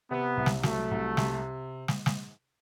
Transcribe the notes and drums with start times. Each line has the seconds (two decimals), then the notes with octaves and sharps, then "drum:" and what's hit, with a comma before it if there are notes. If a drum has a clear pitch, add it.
0.11 C3 B3
0.37 C2
0.46 drum: snare
0.63 F#3 A3, drum: snare
0.91 C2
1.17 C3, drum: snare
1.88 drum: snare
2.06 drum: snare